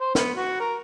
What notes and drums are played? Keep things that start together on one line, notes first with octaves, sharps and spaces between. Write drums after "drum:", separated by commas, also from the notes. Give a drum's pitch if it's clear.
C5
B3, drum: snare
F#4
A#4